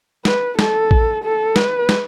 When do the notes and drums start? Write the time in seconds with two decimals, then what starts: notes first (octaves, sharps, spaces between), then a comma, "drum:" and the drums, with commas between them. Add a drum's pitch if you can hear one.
0.25 B4, drum: snare
0.59 A4, drum: snare
0.91 drum: kick A1
1.24 A4
1.56 B4, drum: snare
1.89 drum: snare